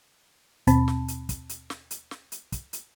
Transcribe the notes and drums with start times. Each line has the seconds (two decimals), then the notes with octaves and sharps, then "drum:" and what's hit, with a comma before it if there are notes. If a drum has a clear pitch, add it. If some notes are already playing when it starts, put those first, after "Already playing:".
0.67 D#2 B2 C4 A5 B5, drum: hi-hat
0.88 drum: snare
1.08 drum: hi-hat
1.29 drum: kick, hi-hat
1.49 drum: hi-hat
1.70 drum: snare
1.91 drum: hi-hat
2.11 drum: snare
2.32 drum: hi-hat
2.52 drum: kick, hi-hat
2.73 drum: hi-hat